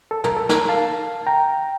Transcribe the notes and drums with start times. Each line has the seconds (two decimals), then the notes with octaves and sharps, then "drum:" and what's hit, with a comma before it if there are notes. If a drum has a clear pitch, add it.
0.11 A4
0.24 A#4, drum: tom
0.37 A4
0.49 A#4, drum: snare
0.69 F5 A5
1.27 G5 A#5